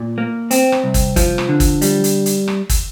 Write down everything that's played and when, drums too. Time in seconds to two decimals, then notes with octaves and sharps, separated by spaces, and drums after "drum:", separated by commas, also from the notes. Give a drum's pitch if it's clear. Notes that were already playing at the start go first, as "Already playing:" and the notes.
Already playing: A#2
0.18 A#3
0.51 C4, drum: hi-hat
0.72 drum: rim click
0.84 C2
0.94 drum: kick, hi-hat
1.16 F3, drum: kick, hi-hat
1.38 drum: rim click
1.49 D3
1.60 drum: kick, hi-hat
1.82 G3, drum: hi-hat
2.04 drum: hi-hat
2.26 drum: hi-hat
2.48 drum: rim click
2.69 drum: kick, hi-hat